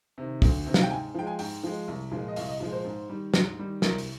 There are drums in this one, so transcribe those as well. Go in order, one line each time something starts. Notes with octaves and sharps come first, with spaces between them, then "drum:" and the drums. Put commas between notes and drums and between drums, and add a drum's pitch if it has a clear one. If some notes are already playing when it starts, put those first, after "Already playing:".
C3 D#3
D2, drum: kick, open hi-hat
C3 D#3
F5, drum: snare
G5
G#2 G#5
F3 G#3 G5
G#5
G#2 G5, drum: open hi-hat
F3 G#3
C2
A#2 F3 G#3
D#5
C2 F5, drum: open hi-hat
D#5
A#2 F3 G#3
C5
G#2
D#3 G3
G#2, drum: snare
D#3 G3
C2 A#4, drum: snare
drum: open hi-hat